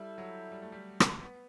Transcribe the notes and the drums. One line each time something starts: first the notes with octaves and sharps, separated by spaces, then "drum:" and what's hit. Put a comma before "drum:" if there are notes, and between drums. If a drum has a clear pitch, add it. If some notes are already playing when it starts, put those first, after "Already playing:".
Already playing: G3 E4 A4 E5
F#3
G3
A3
G3
drum: rim click
B3